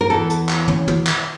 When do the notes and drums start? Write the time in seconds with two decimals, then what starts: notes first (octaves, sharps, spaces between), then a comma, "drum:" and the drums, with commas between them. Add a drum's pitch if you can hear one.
0.01 A#4
0.10 E2 E3 A4
0.30 drum: hi-hat
0.49 drum: clap
0.68 C#4, drum: tom
0.88 drum: tom
1.07 drum: clap